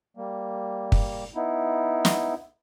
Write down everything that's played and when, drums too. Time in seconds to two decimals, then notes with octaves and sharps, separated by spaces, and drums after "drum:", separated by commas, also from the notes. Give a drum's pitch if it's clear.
0.17 G3 A#3
0.92 drum: kick
1.35 B3 D#4 E4
2.05 drum: snare